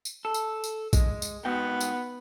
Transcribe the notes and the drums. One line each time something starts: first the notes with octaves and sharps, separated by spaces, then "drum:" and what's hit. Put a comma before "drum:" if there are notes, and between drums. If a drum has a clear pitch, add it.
drum: tambourine
A4
drum: tambourine
drum: tambourine
G#3, drum: kick A#1, tambourine
drum: tambourine
G#2 B3 F#4 G5
drum: tambourine